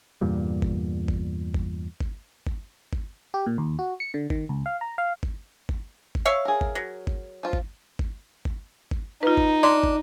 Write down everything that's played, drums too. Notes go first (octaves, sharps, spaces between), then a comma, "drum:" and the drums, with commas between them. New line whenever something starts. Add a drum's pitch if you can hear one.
E2 G2 A#2 G3
drum: kick
drum: kick
drum: kick
drum: kick
drum: kick
drum: kick
G4
A#2
D#2
F#4
C#7
D3
D#3, drum: kick
C#2
F5
A#5
F5
drum: kick
drum: kick
drum: kick
C#5 E5 F5
G#4 A#4
drum: kick
F#3
drum: kick
F3 F4
drum: kick
drum: kick
drum: kick
drum: kick
D#4 F4 B4
drum: kick
D4 C6
drum: kick